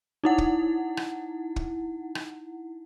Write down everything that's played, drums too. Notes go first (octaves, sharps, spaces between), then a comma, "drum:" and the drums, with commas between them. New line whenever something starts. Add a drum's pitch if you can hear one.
D#4 E4 F#5
drum: kick
drum: rim click
drum: kick
drum: rim click